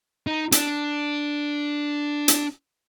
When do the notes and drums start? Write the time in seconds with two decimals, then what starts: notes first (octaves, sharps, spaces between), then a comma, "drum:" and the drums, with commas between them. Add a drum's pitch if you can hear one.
0.27 D#4
0.52 D4, drum: hi-hat
2.28 drum: hi-hat